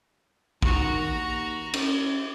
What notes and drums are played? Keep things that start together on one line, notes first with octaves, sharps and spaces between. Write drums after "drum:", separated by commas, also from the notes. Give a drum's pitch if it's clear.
D#3 F#4 A#5, drum: kick
D#2
C#4, drum: cymbal